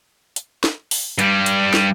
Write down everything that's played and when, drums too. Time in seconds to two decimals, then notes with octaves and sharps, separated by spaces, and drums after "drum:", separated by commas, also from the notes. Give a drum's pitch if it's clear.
0.36 drum: hi-hat
0.64 drum: snare
0.91 drum: open hi-hat
1.19 G2 G3, drum: hi-hat
1.46 drum: hi-hat
1.74 drum: snare